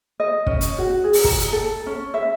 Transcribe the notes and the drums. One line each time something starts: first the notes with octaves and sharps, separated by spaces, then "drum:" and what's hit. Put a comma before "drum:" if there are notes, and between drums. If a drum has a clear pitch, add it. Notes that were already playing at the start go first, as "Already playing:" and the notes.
D#5
C#4, drum: kick
drum: hi-hat
F#4
G#4
drum: open hi-hat
A#5, drum: kick
drum: hi-hat
A4
C#4
E5